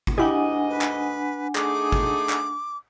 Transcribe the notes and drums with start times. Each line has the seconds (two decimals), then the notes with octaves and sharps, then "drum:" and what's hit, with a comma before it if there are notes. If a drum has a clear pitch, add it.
0.07 drum: kick
0.18 D2 G#2 D4 E4 G4 D#5 F#5 G#5
0.70 B4
0.81 drum: clap
1.55 A3 D#4 G#4 D6, drum: clap
1.92 drum: kick
2.29 drum: clap